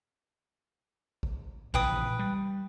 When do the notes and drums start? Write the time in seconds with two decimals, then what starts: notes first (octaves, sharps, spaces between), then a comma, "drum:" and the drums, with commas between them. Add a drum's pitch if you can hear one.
1.23 drum: kick G#1
1.74 A#1 C#3 E3 B4 G5 D#6, drum: kick G#1
2.19 G3